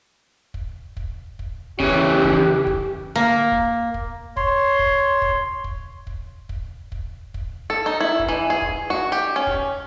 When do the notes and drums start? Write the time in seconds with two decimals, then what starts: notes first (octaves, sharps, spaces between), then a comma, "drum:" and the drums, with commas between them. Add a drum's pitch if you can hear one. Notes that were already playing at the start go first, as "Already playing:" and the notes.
0.54 drum: kick
0.97 drum: kick
1.39 drum: kick
1.80 C#3 E3 G4, drum: kick
2.24 drum: kick
2.67 drum: kick
3.16 A#3
3.52 drum: kick
3.94 drum: kick
4.37 C#5 C6, drum: kick
4.79 drum: kick
5.22 drum: kick
5.64 drum: kick
6.07 drum: kick
6.49 drum: kick
6.92 drum: kick
7.34 drum: kick
7.70 A4
7.86 D#4
8.00 E4
8.19 drum: kick
8.29 E3
8.50 G#4
8.62 drum: kick
8.90 F#4
9.12 G4
9.36 C#4
9.47 drum: kick